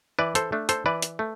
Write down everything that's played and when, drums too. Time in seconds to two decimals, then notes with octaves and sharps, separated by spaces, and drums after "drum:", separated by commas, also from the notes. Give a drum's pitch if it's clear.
0.19 E3 B4 D5
0.35 A4 C5, drum: hi-hat
0.52 A3 D4
0.69 A4 C5, drum: hi-hat
0.86 E3 B4 D5
1.02 drum: hi-hat
1.19 A3